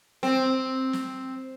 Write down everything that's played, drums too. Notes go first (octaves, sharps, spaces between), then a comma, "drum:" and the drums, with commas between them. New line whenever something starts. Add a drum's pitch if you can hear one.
C4, drum: snare
drum: snare